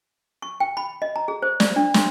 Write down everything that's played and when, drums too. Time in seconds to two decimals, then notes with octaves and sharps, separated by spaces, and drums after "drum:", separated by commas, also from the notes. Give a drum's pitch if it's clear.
0.42 C#6
0.60 G5
0.77 B5
1.02 D#5
1.16 A#5
1.28 G#4
1.42 C5
1.60 D5, drum: snare
1.76 D4
1.94 C6, drum: snare